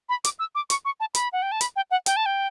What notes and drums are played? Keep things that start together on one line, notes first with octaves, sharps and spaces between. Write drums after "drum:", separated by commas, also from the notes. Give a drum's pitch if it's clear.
B5
D6, drum: hi-hat
E6
D6
C#6, drum: hi-hat
C#6
A5
B5, drum: hi-hat
F#5
G5
A5
B5, drum: hi-hat
G5
F#5
G5, drum: hi-hat
A5
G5